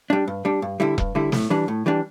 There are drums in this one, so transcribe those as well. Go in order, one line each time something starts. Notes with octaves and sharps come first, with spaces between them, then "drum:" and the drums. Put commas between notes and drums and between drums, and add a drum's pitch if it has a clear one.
G3 D4
G2
G3 D4
G2
D3 G3 E4
G2, drum: kick E1
D3 G3 E4
A2, drum: snare
E3 G3 D4
A2
E3 G3 D4